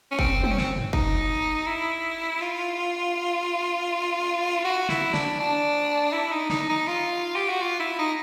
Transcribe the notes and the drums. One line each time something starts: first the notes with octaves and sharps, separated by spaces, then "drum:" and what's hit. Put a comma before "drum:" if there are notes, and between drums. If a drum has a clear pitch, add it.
C#4
C4, drum: kick
C4, drum: tom
C#4
C4, drum: snare
drum: tom
D#4, drum: kick
E4
F4
F#4
E4, drum: snare
D4, drum: snare
D4
E4
D#4
D#4, drum: snare
D#4
F4
G4
F#4
F4
E4
D#4